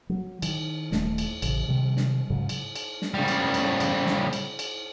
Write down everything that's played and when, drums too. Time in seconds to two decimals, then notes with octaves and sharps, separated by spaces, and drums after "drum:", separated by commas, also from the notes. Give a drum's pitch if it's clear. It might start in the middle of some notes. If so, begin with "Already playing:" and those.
0.09 F#3
0.42 D#3, drum: cymbal
0.92 D#1 D#3 A3, drum: snare
1.18 drum: cymbal
1.42 A1 C#3, drum: cymbal
1.67 C3 D#3 G3
1.97 drum: snare
2.30 G#2 C#3 F#3
2.49 drum: cymbal
2.76 drum: cymbal
3.02 drum: snare
3.14 C#3 G3
3.28 drum: cymbal
3.54 drum: cymbal
3.80 drum: cymbal
4.07 drum: snare
4.33 drum: cymbal
4.59 drum: cymbal